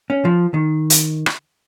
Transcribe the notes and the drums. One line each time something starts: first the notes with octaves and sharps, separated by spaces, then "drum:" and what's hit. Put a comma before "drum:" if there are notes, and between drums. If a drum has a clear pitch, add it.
C#4
F3
D#3
drum: hi-hat
drum: rim click